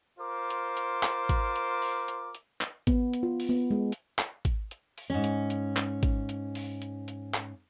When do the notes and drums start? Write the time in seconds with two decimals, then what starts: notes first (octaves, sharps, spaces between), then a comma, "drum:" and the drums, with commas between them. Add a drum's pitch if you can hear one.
0.19 F4 A#4 C5 D6
0.50 drum: hi-hat
0.77 drum: hi-hat
1.03 drum: clap
1.29 drum: kick G#1, hi-hat
1.56 drum: hi-hat
1.82 drum: open hi-hat
2.08 drum: hi-hat
2.35 drum: hi-hat
2.61 drum: clap
2.87 B3, drum: kick G#1, hi-hat
3.13 drum: hi-hat
3.23 F4
3.40 drum: open hi-hat
3.49 B3
3.71 G#3
3.92 drum: hi-hat
4.19 drum: clap
4.45 drum: kick G#1, hi-hat
4.71 drum: hi-hat
4.98 drum: open hi-hat
5.10 G#2 C#4
5.24 drum: hi-hat
5.50 drum: hi-hat
5.76 drum: clap
6.03 drum: kick G#1, hi-hat
6.29 drum: hi-hat
6.55 drum: open hi-hat
6.82 drum: hi-hat
7.08 drum: hi-hat
7.34 drum: clap